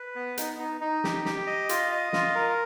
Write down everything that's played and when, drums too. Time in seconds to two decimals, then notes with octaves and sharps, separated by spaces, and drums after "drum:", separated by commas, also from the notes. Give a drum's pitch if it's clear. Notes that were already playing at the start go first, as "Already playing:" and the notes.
Already playing: B4
0.15 B3
0.38 D#4, drum: hi-hat
0.59 D#4
0.81 D#4
1.04 G4, drum: snare
1.25 G4, drum: snare
1.47 D#5
1.69 F4, drum: hi-hat
1.92 D#5
2.13 F4, drum: snare
2.35 A#4